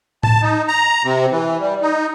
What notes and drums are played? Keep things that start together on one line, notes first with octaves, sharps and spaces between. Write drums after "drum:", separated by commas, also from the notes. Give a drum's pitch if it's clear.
A5, drum: tom A2
D#4
A#5
C3
E3
G3
D#4